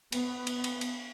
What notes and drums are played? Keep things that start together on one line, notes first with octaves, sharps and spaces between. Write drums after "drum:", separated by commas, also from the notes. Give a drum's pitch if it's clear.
B3, drum: cymbal
drum: cymbal
drum: cymbal
drum: cymbal